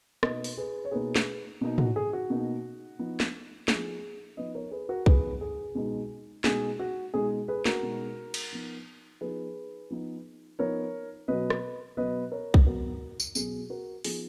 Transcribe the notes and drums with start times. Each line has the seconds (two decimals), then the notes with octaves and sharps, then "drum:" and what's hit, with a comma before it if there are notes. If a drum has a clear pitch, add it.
0.23 B2 A#3 D#4 B4 D#5, drum: rim click
0.44 drum: open hi-hat
0.57 G#4 B4
0.85 C#5
0.91 B2 A#3 D#4 G#4 B4
1.16 drum: snare
1.61 B2 A#3 D#4
1.78 F#4, drum: tom
1.96 G#4
2.13 F#4
2.30 B2 A#3 D#4
2.99 F3 B3 D#4
3.20 drum: snare
3.68 F3 B3 D#4 G#4, drum: snare
4.37 F3 B3 D#4 B4 D#5
4.55 A#4 C#5
4.71 G#4 B4
4.89 F#4 A#4
5.06 F3 B3 D#4 G#4 B4, drum: kick B1
5.41 G#4
5.75 B2 G#3 D#4
6.44 B2 G#3 D#4 G#4, drum: snare
6.79 F#4
7.14 B2 G#3 D#4 G#4
7.48 G#4 B4
7.66 F#4 A#4, drum: snare
7.83 B2 G#3 D#4
8.34 drum: cymbal
8.52 F3 B3 D#4
9.21 F3 B3 D#4 G#4 B4
9.90 F3 B3 D#4
10.59 F3 B3 D#4 A#4 C#5
11.28 B2 F#3 B3 B4 D#5
11.50 drum: rim click
11.97 B2 F#3 B3 B4 D#5
12.32 A#4 C#5
12.54 drum: kick B1
12.66 B2 F#3 B3 F#4 A#4
13.20 drum: tambourine
13.35 B2 F#3 B3 G#4, drum: tambourine
13.70 F#4 A#4
14.04 F3 B3 D#4 G#4, drum: open hi-hat